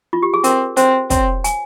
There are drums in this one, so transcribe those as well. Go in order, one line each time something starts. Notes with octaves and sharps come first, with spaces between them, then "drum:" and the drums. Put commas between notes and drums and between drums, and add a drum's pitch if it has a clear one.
F4
G4
G#4
C4 A#4, drum: hi-hat
C4 C5, drum: hi-hat
C4 C#5, drum: kick, hi-hat
G#5, drum: hi-hat